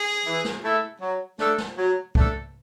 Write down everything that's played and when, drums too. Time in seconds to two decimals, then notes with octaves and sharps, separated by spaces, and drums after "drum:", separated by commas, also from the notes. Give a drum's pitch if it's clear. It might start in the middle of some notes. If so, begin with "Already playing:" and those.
Already playing: G#4
0.26 E3
0.45 drum: snare
0.64 A3 E4 A4 E5
1.01 F#3
1.39 A3 D4 A4, drum: snare
1.58 drum: snare
1.76 F#3
2.15 A3 D4 A4, drum: kick C2